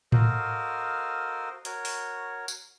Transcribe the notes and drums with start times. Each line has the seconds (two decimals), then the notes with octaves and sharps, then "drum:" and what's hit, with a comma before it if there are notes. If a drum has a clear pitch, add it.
0.12 F#4 A4 A#4 C5 D#5 F5, drum: tom A2
1.65 F#4 A#4 C#5, drum: hi-hat
1.85 drum: open hi-hat
2.48 drum: tambourine